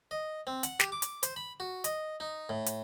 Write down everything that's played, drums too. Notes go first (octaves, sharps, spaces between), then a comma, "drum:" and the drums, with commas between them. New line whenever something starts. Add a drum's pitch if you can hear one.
D#5
C4
F#5, drum: hi-hat
G4, drum: snare
D6
drum: hi-hat
C5, drum: hi-hat
B5
F#4
D#5, drum: hi-hat
D#4
A2
drum: hi-hat